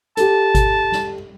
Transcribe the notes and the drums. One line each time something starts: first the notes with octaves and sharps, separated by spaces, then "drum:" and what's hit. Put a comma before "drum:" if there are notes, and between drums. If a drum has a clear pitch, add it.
G4 A4 A5, drum: hi-hat
drum: kick G1, hi-hat
drum: snare